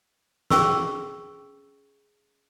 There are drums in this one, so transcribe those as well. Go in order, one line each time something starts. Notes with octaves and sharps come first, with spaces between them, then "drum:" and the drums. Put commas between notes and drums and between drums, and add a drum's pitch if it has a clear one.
C#4 G#4 C#6 E6, drum: snare